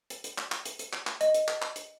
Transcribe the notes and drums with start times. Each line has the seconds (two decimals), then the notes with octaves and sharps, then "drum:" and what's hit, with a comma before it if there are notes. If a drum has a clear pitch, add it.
0.10 drum: hi-hat
0.24 drum: hi-hat
0.38 drum: clap
0.52 drum: clap
0.66 drum: hi-hat
0.79 drum: hi-hat
0.93 drum: clap
1.07 drum: clap
1.21 D#5, drum: hi-hat
1.34 drum: hi-hat
1.48 drum: clap
1.62 drum: clap
1.76 drum: hi-hat